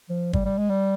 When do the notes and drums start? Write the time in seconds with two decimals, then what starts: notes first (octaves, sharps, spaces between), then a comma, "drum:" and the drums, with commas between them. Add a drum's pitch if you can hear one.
0.10 F3
0.33 G3, drum: kick G1
0.45 G3
0.58 G#3
0.70 G3